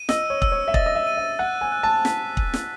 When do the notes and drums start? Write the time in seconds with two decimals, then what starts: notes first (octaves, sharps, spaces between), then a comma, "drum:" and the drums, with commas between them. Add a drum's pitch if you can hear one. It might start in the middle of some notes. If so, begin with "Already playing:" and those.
Already playing: D#7
0.09 D#5 E6, drum: snare
0.30 C#5
0.42 E6, drum: kick
0.52 C#5
0.68 E5
0.74 D#5 A6, drum: kick
0.86 D#5
0.95 E5
1.07 D#7
1.17 E5
1.39 F#5 F#6
1.61 G#5
1.72 F#6
1.83 A5
2.05 B6, drum: snare
2.37 D#7, drum: kick
2.54 drum: snare